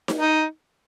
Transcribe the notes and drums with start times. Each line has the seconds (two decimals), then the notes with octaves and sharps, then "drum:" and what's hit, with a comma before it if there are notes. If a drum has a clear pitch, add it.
0.08 drum: snare D#4
0.21 D#4